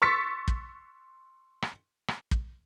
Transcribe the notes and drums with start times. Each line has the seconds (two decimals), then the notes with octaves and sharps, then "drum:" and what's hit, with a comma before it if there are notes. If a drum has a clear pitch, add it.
0.02 C6 C#6 E6 A6 B6 C#7
0.48 drum: kick
1.62 drum: rim click
2.08 drum: rim click
2.31 drum: kick